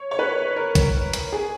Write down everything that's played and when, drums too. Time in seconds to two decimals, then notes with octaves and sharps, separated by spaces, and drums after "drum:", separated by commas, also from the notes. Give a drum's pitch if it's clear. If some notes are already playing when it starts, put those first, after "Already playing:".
Already playing: C#5
0.11 C#5
0.19 B4
0.56 A#4
0.75 drum: kick, hi-hat
1.13 drum: hi-hat
1.32 G#4